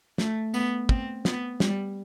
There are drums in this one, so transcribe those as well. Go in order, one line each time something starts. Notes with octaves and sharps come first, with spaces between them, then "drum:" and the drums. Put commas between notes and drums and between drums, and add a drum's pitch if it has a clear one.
A3, drum: snare
B3, drum: tambourine
C4, drum: kick
B3, drum: snare
G3, drum: snare